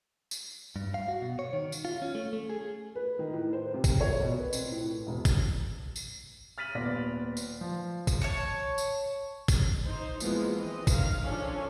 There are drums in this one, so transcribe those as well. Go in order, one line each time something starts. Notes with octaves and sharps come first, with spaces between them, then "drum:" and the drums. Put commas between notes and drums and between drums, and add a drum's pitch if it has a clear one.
drum: tambourine
G2
F5
F#4
B2
C#5
D#3
drum: tambourine
F4
C#4
A3
A3
G#4
B4
D#3
A2
C5
C3
drum: kick, tambourine
C#5
B2
B4
C4, drum: tambourine
A2
E1
drum: kick, tambourine
drum: tambourine
F6 A6 B6 D#7 F#7
D#1 A#2 B3 D5 A#6
drum: tambourine
F3
drum: kick, tambourine
C#5 A5 C#6
drum: tambourine
drum: kick, tambourine
D#4 C5
E3 F3 G#3 A#3 B3, drum: tambourine
E3 C4 D#5
D#3 F5, drum: kick, tambourine
F3 C#4 D4 A4